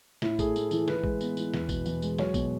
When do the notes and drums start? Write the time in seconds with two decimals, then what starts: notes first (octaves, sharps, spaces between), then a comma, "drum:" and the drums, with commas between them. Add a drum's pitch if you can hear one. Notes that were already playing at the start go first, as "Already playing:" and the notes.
0.22 A2 E4, drum: snare
0.39 A3 G#4, drum: kick, tambourine
0.56 A3, drum: tambourine
0.71 E3 A4, drum: tambourine
0.88 E3 B4, drum: snare
1.04 G#3, drum: kick
1.21 B3, drum: tambourine
1.37 E3, drum: tambourine
1.54 E2, drum: snare
1.69 B2, drum: kick, tambourine
1.86 E2, drum: tambourine
2.02 G#3, drum: tambourine
2.18 F#3 C#5, drum: snare
2.34 B2, drum: kick, tambourine